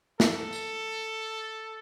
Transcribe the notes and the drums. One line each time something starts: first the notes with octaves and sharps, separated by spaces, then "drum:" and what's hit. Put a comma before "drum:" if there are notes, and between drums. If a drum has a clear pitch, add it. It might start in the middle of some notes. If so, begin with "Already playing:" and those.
A4, drum: snare
drum: tambourine